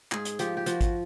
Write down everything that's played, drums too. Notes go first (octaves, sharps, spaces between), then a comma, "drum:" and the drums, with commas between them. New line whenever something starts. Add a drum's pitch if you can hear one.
G#2 G#4, drum: clap
drum: hi-hat
F3 G4, drum: hi-hat
G4
F3 F#4, drum: hi-hat
drum: kick G#1, hi-hat